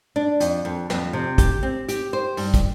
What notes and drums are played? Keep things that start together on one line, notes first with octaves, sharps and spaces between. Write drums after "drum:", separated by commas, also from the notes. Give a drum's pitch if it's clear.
D4
F2, drum: hi-hat
F2
F2, drum: snare
C3
G4, drum: kick, hi-hat
C4
G4, drum: hi-hat
C5
G2, drum: open hi-hat
drum: kick, hi-hat